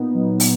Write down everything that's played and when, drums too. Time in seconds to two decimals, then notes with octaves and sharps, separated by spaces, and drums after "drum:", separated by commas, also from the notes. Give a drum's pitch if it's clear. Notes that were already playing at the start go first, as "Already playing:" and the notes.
Already playing: A#2 B3 D#4
0.14 F#3
0.40 drum: open hi-hat